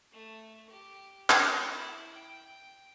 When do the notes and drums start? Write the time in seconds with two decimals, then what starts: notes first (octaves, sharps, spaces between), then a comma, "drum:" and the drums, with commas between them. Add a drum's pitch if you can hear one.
0.12 A3
0.70 G4
1.30 C#5, drum: clap
1.66 E4
2.13 G5